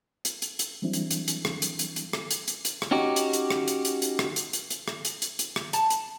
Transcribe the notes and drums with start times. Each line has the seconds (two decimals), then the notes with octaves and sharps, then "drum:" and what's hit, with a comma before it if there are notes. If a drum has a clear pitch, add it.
0.25 drum: hi-hat
0.42 drum: hi-hat
0.59 drum: hi-hat
0.82 E3 F#3 G3 C4 D4 E4
0.93 drum: hi-hat
1.11 drum: hi-hat
1.28 drum: hi-hat
1.45 drum: rim click
1.62 drum: hi-hat
1.79 drum: hi-hat
1.96 drum: hi-hat
2.13 drum: rim click
2.31 drum: hi-hat
2.48 drum: hi-hat
2.65 drum: hi-hat
2.82 drum: rim click
2.91 C#4 D#4 F#4 G4
3.16 drum: hi-hat
3.33 drum: hi-hat
3.50 drum: rim click
3.68 drum: hi-hat
3.85 drum: hi-hat
4.02 drum: hi-hat
4.19 drum: rim click
4.36 drum: hi-hat
4.53 drum: hi-hat
4.70 drum: hi-hat
4.88 drum: rim click
5.05 drum: hi-hat
5.22 drum: hi-hat
5.39 drum: hi-hat
5.56 drum: rim click
5.73 A5, drum: hi-hat
5.90 drum: hi-hat